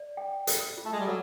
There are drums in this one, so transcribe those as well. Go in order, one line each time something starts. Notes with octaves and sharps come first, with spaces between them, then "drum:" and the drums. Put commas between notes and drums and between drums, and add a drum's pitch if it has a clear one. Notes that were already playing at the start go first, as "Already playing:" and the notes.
Already playing: D5
G5
A4, drum: hi-hat
F4
A3
G#3
G3
F#3 A4